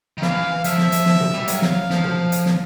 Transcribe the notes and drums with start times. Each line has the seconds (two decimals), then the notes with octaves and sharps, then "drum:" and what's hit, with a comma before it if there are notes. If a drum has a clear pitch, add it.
0.18 D#3
0.22 E3 F5, drum: snare
0.64 F3 E5, drum: hi-hat
0.78 drum: snare
0.92 drum: hi-hat
1.06 drum: snare
1.20 drum: tom A#2
1.34 G3
1.48 F#3 F5, drum: hi-hat
1.62 drum: snare
1.90 F3, drum: snare
2.04 drum: tom A#2
2.32 drum: hi-hat
2.46 drum: snare